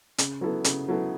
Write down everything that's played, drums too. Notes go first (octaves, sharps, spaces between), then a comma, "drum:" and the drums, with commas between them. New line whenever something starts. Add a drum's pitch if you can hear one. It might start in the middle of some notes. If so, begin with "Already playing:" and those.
C#3, drum: hi-hat
F#3 B3 E4 A4
C#3, drum: hi-hat
F#3 B3 E4 A4